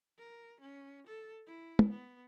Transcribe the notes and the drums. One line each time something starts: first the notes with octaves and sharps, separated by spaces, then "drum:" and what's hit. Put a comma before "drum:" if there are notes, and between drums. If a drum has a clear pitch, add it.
A#4
C#4
A4
E4
drum: tom
B3